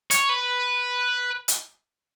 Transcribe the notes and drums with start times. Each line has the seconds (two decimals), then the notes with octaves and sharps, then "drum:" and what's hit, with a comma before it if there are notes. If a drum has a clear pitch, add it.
0.11 C#5, drum: hi-hat
0.30 B4
1.48 drum: hi-hat